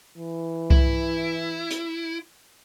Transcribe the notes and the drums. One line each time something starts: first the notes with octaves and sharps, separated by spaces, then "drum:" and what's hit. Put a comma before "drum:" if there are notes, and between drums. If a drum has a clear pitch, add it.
E3
E4, drum: kick C2
drum: hi-hat